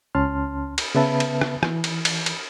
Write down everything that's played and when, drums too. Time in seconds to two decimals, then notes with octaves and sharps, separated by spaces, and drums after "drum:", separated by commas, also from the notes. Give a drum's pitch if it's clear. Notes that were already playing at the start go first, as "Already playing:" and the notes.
0.15 C#2 C#4 A5 C6 F6
0.78 drum: cymbal
0.95 C#3 B3 B4 E5 A5 B5
1.20 drum: cymbal
1.41 drum: rim click
1.63 E3, drum: rim click
1.84 drum: cymbal
2.05 drum: cymbal
2.26 drum: cymbal